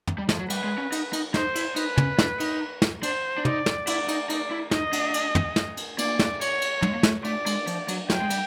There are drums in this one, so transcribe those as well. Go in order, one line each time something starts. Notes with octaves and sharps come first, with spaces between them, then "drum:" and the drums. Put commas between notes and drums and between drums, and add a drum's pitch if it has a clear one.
drum: tom
G3
F3, drum: snare
F#3
G3 B4, drum: cymbal
G#3
C#4
D#4, drum: cymbal
D#4, drum: cymbal
D#4 C5, drum: snare
E4, drum: cymbal
D#4 B4, drum: cymbal
C#4, drum: tom
D4, drum: snare
D#4, drum: cymbal
drum: snare
D4 C5, drum: cymbal
D4
D#4 D5, drum: tom
drum: snare
E4 D5, drum: cymbal
D#4, drum: cymbal
D#4 D5, drum: cymbal
E4
D#4 D#5, drum: snare
D4, drum: cymbal
drum: cymbal
drum: tom
drum: snare
drum: cymbal
A#3 D5, drum: cymbal
drum: snare
C#5, drum: cymbal
drum: cymbal
G#3, drum: tom
A#3
A3, drum: snare
A3 D5, drum: cymbal
G#3, drum: cymbal
F3, drum: cymbal
F#3, drum: cymbal
F#3 G5, drum: snare
G#3
G3, drum: cymbal